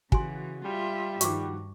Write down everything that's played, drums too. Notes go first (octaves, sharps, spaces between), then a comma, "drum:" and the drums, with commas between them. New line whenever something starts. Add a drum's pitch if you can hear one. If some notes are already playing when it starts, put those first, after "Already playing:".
C#3 E3 F#4 G#5 C6, drum: kick
G3 F4 E5
G2 D#3 F3 F#4 C#6 D6, drum: hi-hat